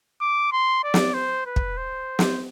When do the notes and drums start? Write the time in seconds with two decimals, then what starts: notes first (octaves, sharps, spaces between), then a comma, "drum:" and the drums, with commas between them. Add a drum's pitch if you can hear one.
0.21 D6
0.52 C6
0.84 D5
0.94 drum: snare
1.14 C5
1.46 B4
1.56 drum: kick
1.77 C5
2.19 drum: snare